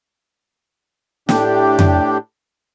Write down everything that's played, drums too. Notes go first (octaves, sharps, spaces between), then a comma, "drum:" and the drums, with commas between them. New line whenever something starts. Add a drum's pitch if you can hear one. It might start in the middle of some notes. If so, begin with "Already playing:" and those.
A2 D4 G4, drum: snare
drum: tom F2